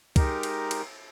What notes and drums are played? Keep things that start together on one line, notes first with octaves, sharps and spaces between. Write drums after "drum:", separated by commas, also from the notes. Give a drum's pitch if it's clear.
G#3 D#4 G4 A#4, drum: kick, cymbal
drum: cymbal
drum: cymbal